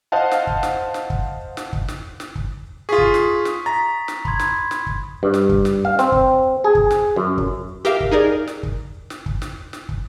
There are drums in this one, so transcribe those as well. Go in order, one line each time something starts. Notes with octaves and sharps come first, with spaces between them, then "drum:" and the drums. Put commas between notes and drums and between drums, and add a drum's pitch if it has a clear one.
C5 D#5 F5 F#5 A5
drum: snare
drum: kick
drum: snare
drum: snare
drum: kick
drum: snare
drum: kick
drum: snare
drum: snare
drum: kick
F4 G#4 C#6 D#6 B6
drum: kick
drum: snare
drum: snare
A#5 A6 B6
drum: snare
B5 C6 G#6, drum: kick
drum: snare
drum: snare
drum: kick
G2
drum: snare
drum: kick
drum: snare
F5
C4, drum: snare
drum: kick
G#4
drum: kick
drum: snare
F#2
drum: kick
G4 A#4 E5 F5, drum: snare
drum: kick
D#4 G#4 A#4 D5
drum: snare
drum: kick
drum: snare
drum: kick
drum: snare
drum: snare
drum: kick